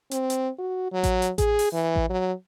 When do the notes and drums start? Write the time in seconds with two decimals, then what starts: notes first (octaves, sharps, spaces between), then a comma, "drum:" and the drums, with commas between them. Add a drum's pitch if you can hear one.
0.11 C4, drum: hi-hat
0.30 drum: hi-hat
0.58 F#4
0.92 F#3
1.04 drum: kick A1, hi-hat
1.22 drum: hi-hat
1.38 G#4, drum: kick A1, hi-hat
1.59 drum: open hi-hat
1.73 E3
1.96 drum: kick A1
2.10 F#3